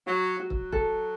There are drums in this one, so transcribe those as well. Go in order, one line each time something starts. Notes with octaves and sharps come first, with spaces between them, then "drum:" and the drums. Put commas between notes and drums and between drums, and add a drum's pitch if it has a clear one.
F#3 F#4
F#3 F#4
drum: kick
A4, drum: kick